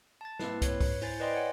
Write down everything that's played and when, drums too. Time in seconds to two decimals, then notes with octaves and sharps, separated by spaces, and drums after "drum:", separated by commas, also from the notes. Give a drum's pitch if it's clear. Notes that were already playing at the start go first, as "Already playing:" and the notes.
0.21 A5 A6
0.39 A#3 C4 E4 B4, drum: snare
0.62 B4 C#5, drum: kick, hi-hat
0.81 drum: kick, open hi-hat
1.02 E4 C5 G#5 A6, drum: open hi-hat
1.20 B4 D5 D#5 G5 C6
1.34 C#5 F#5 G#5